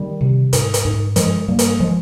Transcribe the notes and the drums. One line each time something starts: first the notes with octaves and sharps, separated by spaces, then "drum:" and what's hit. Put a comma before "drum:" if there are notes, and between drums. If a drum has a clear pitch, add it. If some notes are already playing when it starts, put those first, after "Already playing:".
Already playing: D#3 G3
C3
G#2, drum: hi-hat
drum: hi-hat
G#2
G2 F3 G#3, drum: hi-hat
G2 G3 A#3
drum: hi-hat
F3 G#3